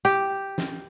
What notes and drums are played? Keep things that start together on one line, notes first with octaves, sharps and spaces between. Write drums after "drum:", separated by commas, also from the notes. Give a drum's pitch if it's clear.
G4
drum: snare